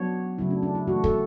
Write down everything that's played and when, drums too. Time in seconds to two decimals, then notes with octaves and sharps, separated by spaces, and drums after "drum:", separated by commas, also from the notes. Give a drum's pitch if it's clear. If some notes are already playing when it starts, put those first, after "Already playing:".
Already playing: F#3 B3 D4 C#5
0.38 C#3 F#3 A3 E4
0.50 D4
0.63 D4
0.75 E4
0.87 E3 A3 D4 F#4
1.04 A4, drum: kick